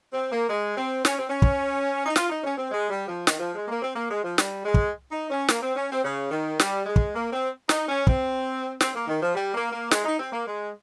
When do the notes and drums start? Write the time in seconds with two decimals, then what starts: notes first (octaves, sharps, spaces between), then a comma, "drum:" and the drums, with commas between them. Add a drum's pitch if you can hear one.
0.13 C4
0.31 A#3
0.50 G#3
0.77 C4
1.05 C#4, drum: snare
1.18 C4
1.30 C#4
1.42 drum: kick
2.06 D#4
2.16 F4, drum: snare
2.30 D#4
2.44 C#4
2.57 C4
2.71 G#3
2.90 G3
3.08 F3
3.27 D#3, drum: snare
3.40 F3
3.55 G#3
3.68 A#3
3.82 C4
3.96 A#3
4.10 G#3
4.24 F3
4.38 G3, drum: snare
4.65 G#3
4.74 drum: kick
5.12 D#4
5.30 C#4
5.48 A#3, drum: snare
5.62 C4
5.75 C#4
5.90 C4
6.04 C#3
6.31 D#3
6.60 G3, drum: snare
6.86 G#3
6.96 drum: kick
7.15 A#3
7.33 C4
7.69 D#4, drum: snare
7.89 C#4
8.07 C4, drum: kick
8.81 C4, drum: snare
8.95 A#3
9.08 D#3
9.23 F3
9.35 G3
9.54 A#3
9.72 A#3
9.91 G#3, drum: snare
10.05 D#4
10.19 C4
10.33 A#3
10.46 G#3